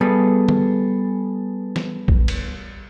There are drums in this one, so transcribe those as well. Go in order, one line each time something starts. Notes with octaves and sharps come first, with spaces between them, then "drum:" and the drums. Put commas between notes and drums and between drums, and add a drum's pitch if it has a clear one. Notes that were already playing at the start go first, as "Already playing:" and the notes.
G3 B3 G#4 A4
drum: tom D3
drum: snare
drum: kick A#1
drum: cymbal